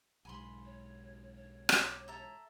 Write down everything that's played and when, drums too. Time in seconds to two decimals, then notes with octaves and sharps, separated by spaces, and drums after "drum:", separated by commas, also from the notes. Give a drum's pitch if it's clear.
0.25 B1 G#2 G#5 B5 C6
0.65 C#5
1.36 C#5
1.69 D6, drum: rim click
2.08 A4 E5 A#5